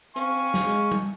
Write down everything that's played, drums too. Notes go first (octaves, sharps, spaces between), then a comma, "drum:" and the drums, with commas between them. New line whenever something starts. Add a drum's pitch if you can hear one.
C4 F5 G#5 C#6, drum: hi-hat
drum: snare
G#3
drum: tom G3